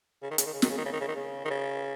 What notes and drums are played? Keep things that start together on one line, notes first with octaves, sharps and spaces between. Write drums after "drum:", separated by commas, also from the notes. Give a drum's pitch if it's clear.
C#3
D#3
C#3, drum: hi-hat
D#3
C#3
D#3, drum: snare
C#3
D#3
C#3
D#3
C#3
D#3
C#3
D#3
C#3